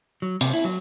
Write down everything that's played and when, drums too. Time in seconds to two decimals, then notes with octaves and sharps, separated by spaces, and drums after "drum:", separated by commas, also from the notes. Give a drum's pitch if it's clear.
0.22 F#3
0.41 C3, drum: hi-hat
0.53 E4
0.64 F#3